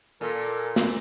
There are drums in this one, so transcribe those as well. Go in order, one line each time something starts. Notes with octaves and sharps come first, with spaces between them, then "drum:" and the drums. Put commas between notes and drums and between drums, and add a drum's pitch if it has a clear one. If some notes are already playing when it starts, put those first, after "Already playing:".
A#2 A4 A#4
drum: snare